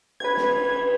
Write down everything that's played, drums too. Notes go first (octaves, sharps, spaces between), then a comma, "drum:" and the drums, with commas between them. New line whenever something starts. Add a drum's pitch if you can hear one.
B4 G#6, drum: cymbal
drum: snare